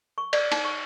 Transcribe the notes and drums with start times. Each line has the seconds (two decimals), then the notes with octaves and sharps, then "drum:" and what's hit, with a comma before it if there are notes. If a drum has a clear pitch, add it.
0.18 C#6
0.33 D5, drum: cymbal
0.52 D#4, drum: cymbal
0.65 C#6